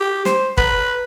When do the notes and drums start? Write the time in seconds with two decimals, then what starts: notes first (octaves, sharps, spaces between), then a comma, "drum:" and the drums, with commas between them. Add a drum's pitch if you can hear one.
0.01 G4
0.25 C5, drum: snare
0.57 B4, drum: kick